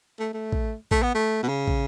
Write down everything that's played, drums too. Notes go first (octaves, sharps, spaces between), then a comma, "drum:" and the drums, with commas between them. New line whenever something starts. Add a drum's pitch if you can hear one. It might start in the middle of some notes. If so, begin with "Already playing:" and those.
A3
A3
drum: kick
A3, drum: kick
B3
A3
B2
C#3
drum: kick